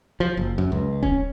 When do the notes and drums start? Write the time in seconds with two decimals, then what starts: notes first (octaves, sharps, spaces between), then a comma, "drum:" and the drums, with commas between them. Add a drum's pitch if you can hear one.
0.20 F3
0.37 F#1
0.58 F#2
0.72 C#2
1.03 C#4, drum: kick D#1